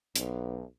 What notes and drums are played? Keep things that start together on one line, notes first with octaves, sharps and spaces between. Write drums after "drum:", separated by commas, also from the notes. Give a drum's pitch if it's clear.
B1, drum: hi-hat